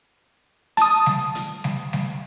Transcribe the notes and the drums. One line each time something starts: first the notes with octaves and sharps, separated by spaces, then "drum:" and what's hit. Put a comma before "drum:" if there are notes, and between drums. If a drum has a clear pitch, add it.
A5 D#6, drum: hi-hat
drum: snare G3
drum: hi-hat
drum: snare G3
drum: snare G3